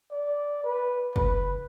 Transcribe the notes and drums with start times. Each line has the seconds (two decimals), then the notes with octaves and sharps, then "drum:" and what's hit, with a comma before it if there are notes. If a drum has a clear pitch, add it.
0.11 D5
0.64 B4
1.16 B4, drum: kick